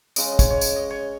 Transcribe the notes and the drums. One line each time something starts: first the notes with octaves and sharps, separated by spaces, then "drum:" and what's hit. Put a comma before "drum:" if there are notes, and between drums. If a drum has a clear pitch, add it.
C#3 G#3 D#5, drum: tambourine
D#5
C#5, drum: kick, tambourine
C#5
drum: tambourine
D#5
C#5